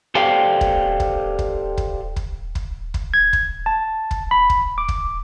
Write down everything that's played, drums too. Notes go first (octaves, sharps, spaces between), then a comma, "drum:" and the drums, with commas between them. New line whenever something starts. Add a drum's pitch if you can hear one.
G4 A4 C5 D5 F5 G5
drum: kick
drum: kick
drum: kick
drum: kick
drum: kick
drum: kick
drum: kick
G#6
drum: kick
A5
drum: kick
B5
drum: kick
D6
drum: kick